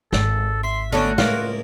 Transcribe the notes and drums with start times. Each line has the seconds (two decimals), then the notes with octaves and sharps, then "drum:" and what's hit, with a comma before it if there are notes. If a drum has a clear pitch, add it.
0.12 G#1 A4, drum: snare
0.63 E5 C6
0.92 D3 A3 B3 C#4 D4 F#4
1.18 C#2 A2 A#3 F4, drum: snare